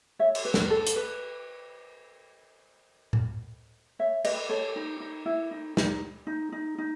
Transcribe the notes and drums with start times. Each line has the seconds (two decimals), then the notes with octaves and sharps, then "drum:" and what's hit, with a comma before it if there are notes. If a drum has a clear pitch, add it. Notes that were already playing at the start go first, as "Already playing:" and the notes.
0.19 C#5 E5
0.35 drum: cymbal
0.45 B4
0.54 drum: snare
0.70 A4
0.87 drum: hi-hat
0.96 B4
3.13 drum: tom A2
3.99 C#5 E5
4.25 B4 D#5, drum: cymbal
4.49 A4 C#5
4.76 D#4
5.00 D#4
5.26 E4
5.51 D#4
5.77 D#4, drum: snare
6.27 D#4
6.52 D#4
6.78 D#4